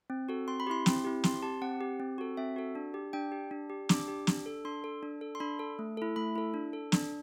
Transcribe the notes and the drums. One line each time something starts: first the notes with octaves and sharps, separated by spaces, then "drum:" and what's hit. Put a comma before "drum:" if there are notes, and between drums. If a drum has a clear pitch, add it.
C4
F#4 A4
C4 C6
B5
E4 G4 C6
C4, drum: snare
E4 G4
C4 C6, drum: snare
G4 A5
C4 F#5
G4
C4
F#4 A4
C4 E5
F#4 A4
D4
G4
D4 G5
G4
D4
G4
D4 D6, drum: snare
G4
D4, drum: snare
A4
D4 C6
A4
D4
A4
C6
D4 B5
A4
A3
E4 A4
A3 B5
E4 A4
D4
A4
D4, drum: snare